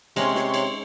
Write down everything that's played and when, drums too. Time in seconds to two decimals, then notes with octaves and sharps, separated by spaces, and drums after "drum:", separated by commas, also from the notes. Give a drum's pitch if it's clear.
0.16 C3 G#3 C#4 C#5 C6, drum: cymbal
0.35 drum: snare
0.54 drum: cymbal